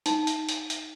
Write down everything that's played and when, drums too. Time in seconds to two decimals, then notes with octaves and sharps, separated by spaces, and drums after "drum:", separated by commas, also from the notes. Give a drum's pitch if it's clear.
0.06 D#4, drum: hi-hat
0.27 drum: hi-hat
0.49 drum: hi-hat
0.70 drum: hi-hat